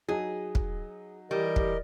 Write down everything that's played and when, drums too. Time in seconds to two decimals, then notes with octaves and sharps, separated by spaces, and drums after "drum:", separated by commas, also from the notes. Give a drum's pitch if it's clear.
0.09 F#3 D#4 G#4
0.55 drum: kick
1.31 E3 G3 E4 G4 A#4 D#5
1.56 drum: kick